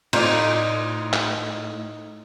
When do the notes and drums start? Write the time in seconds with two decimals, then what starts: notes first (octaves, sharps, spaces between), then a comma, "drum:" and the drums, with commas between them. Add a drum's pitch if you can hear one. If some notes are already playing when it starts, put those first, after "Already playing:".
0.13 A2 D#4 F4 C5 D5, drum: cymbal
1.13 drum: clap